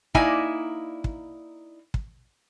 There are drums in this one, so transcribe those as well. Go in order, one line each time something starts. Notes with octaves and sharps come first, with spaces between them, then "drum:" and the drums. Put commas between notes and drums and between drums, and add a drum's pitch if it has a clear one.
A#3 D#4 E4 D5 G#5, drum: kick
drum: kick
drum: kick